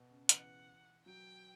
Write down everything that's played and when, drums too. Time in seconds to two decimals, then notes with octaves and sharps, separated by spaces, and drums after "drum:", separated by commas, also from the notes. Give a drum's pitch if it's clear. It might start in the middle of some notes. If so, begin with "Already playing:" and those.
Already playing: B2
0.11 C#3
0.29 E3 F#5, drum: hi-hat
1.06 F#3 G5